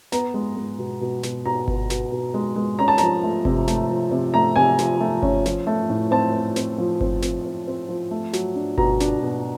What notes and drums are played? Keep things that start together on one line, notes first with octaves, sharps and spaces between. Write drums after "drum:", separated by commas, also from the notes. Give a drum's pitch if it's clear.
B3 A#5, drum: snare
G#3
G#3
B2
B2
B2, drum: snare
B2 A#5
B3, drum: kick G1
B2, drum: snare
B2
G#3
G#3
C#4 A#5
A5
F3 A#5, drum: snare
A3
C3, drum: kick G1
A3, drum: snare
F3
C3
A3 A#5
C3 G#5
F3, drum: snare
A3
C#4, drum: kick G1
F3, drum: snare
A3
A2
C4 A5
C4
C4, drum: snare
F3
C4, drum: kick G1
C4, drum: snare
C4
C4
F3
A3
F#3, drum: snare
D4
B2 A#5, drum: kick G1
D4, drum: snare
B2